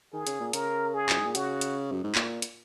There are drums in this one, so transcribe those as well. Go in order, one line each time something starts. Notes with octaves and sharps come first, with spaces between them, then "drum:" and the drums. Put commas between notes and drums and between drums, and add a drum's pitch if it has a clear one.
D#3 G#4
C#3, drum: hi-hat
A#2
C#3 A#4, drum: hi-hat
G#4
F#2, drum: clap
G#2
A#2
C#3 F#4, drum: hi-hat
drum: hi-hat
F#2
G#2
A#2, drum: clap
drum: hi-hat